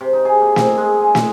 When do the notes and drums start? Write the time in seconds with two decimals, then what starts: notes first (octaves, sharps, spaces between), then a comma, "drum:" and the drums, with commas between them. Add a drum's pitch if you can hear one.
0.01 C3
0.13 D#4
0.25 G#4
0.41 A#3
0.56 C4, drum: snare
0.78 G#3
1.00 G#5
1.15 E5, drum: snare